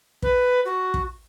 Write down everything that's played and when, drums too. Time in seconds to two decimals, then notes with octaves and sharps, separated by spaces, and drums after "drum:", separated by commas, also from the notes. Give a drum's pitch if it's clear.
0.22 B4, drum: kick
0.65 F#4
0.94 drum: kick